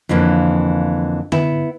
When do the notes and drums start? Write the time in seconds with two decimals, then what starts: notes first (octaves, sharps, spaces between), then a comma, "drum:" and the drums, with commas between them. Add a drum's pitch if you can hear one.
0.09 F2 D3 E3 A#3
1.32 B3 E4, drum: tom D3